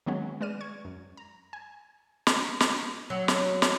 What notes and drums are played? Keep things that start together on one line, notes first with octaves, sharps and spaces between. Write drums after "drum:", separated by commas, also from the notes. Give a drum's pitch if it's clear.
D#3 F#3 G#3 A#3 B3 C#4
G#3 B4 D5 F6 D#7
C#6 G#6
F#2
A#5
G#5
drum: snare
drum: snare
F#3
drum: snare
drum: snare